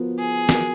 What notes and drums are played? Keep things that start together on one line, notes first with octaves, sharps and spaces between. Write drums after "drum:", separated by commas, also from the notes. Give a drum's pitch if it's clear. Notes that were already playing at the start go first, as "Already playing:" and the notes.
Already playing: F3 B3 F#4 A#4
G#4
F3 B3 F#4 A#4, drum: snare